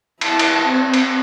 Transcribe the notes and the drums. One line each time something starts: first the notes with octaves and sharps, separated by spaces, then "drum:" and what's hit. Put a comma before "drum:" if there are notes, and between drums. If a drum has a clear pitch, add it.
E4 A5, drum: cymbal
drum: cymbal
C4
drum: cymbal